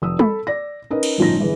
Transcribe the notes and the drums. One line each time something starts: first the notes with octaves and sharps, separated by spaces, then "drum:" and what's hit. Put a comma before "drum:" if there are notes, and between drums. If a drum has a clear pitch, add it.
F1 D#6 E6
A4 B5, drum: tom
D5 A#6
C#4 D#4 A#4 B4 D#5
drum: cymbal
G1 A2 F3 C#4 D#4 A#6
G1 E3 G#4 B4